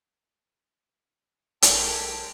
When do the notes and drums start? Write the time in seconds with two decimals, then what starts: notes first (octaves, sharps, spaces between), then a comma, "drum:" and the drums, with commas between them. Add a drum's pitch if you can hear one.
1.62 B1 G#3 G4 A4 A#4 A5, drum: hi-hat